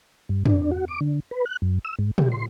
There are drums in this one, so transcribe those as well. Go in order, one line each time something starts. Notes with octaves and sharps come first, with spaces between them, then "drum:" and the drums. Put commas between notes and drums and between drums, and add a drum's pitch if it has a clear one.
G2
D4, drum: tom
F#4
D6
D3
B4
F#6
F#2
E6
G#2
G4, drum: tom
C6